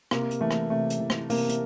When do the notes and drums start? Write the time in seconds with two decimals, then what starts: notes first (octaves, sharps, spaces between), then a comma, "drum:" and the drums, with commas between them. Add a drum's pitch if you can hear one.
0.11 C3 A#3, drum: rim click
0.31 drum: hi-hat
0.41 E3 A3
0.51 drum: rim click
0.70 C3 A3
0.90 drum: hi-hat
1.00 E3
1.10 drum: rim click
1.30 C3 A#3, drum: open hi-hat
1.49 drum: hi-hat